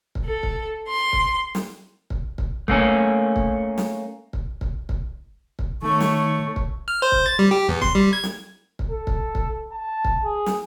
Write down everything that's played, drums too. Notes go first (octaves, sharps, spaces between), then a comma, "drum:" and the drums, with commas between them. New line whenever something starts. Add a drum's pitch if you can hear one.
drum: kick
A4
drum: kick
C6
drum: kick
drum: snare
drum: kick
drum: kick
A3 A#3 C#4, drum: kick
drum: kick
drum: snare
drum: kick
drum: kick
drum: kick
drum: kick
D#3 A3 C#5 C#6
drum: snare
drum: kick
F6
C5
drum: kick
A6
G3
G4
E2
C6, drum: kick
G3
G#6
drum: snare
drum: kick
A4
drum: kick
drum: kick
A5
drum: kick
G#4
drum: snare